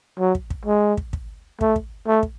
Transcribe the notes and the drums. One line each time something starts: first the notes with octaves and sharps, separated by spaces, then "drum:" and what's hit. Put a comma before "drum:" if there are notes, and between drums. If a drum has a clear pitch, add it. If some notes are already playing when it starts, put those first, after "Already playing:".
F#3
drum: kick
drum: kick
G#3
drum: kick
drum: kick
A3, drum: kick
drum: kick
A3
drum: kick